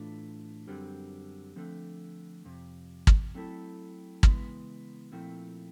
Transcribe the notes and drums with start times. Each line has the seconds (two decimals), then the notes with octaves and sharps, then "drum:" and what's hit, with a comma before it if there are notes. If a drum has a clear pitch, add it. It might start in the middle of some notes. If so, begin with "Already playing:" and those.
Already playing: A2 E3 A3 D4 F4
0.68 F#2 D3 G3 C4
1.56 D3 F3 A3 C4
2.45 F2 C3
3.07 drum: kick
3.34 F#3 A3 C4 E4 A4
4.23 C#3 E3 G#3 B3, drum: kick
5.12 A#2 F3 A3 C4 E4